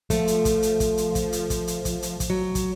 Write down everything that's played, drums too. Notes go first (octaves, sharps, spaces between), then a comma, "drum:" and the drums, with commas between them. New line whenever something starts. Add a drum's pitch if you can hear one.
F3 A3, drum: kick, hi-hat
drum: hi-hat
drum: kick, hi-hat
drum: hi-hat
drum: kick, hi-hat
drum: hi-hat
drum: kick, hi-hat
drum: hi-hat
drum: kick, hi-hat
drum: hi-hat
drum: kick, hi-hat
drum: hi-hat
drum: kick, hi-hat
F#3
drum: kick, hi-hat